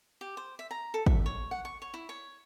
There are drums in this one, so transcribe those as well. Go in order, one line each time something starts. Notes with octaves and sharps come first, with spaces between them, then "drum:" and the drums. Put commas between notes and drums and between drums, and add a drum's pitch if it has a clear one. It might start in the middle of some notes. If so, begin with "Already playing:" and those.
G4
C5
E5
A#5
A4
E5, drum: kick
C#5
F#5
C#6
C#5
E4
C#5